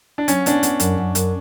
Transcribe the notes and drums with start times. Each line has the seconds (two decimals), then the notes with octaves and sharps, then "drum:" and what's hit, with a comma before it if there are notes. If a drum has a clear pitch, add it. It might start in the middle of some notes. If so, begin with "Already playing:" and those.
0.18 D4
0.28 F#3 C#4, drum: hi-hat
0.46 B3 D4, drum: hi-hat
0.51 C#4
0.63 B3, drum: hi-hat
0.80 F#2, drum: hi-hat
0.98 F#2
1.15 F#2, drum: hi-hat